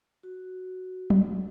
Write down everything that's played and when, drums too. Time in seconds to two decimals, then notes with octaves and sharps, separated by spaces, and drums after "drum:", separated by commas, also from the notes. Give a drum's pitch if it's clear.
0.23 F#4
1.10 drum: tom F#3